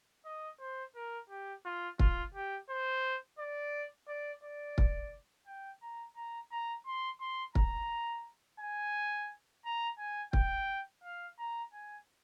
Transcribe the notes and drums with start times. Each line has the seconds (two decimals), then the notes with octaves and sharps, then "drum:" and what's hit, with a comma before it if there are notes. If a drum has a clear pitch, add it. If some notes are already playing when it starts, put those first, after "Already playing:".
0.25 D#5
0.60 C5
0.96 A#4
1.30 G4
1.65 F4
1.99 F4, drum: kick
2.34 G4
2.70 C5
3.39 D5
4.08 D5
4.44 D5
4.78 drum: kick
5.47 G5
5.82 A#5
6.16 A#5
6.51 A#5
6.86 C6
7.20 C6
7.55 A#5, drum: kick
8.60 G#5
9.65 A#5
9.99 G#5
10.33 G5, drum: kick
11.04 F5
11.39 A#5
11.73 G#5